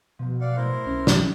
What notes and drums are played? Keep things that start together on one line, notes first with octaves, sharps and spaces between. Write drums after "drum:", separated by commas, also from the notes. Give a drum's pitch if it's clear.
B2 F3 F#3
D5 F5 F#5
A2 E4 A#4 C5
B1 C#4
drum: snare